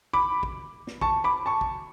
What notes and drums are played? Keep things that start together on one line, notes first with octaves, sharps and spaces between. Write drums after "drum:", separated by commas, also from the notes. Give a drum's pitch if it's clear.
B5 D6
drum: kick
drum: snare
A5 C#6, drum: kick
B5 D6
A5 C#6
drum: kick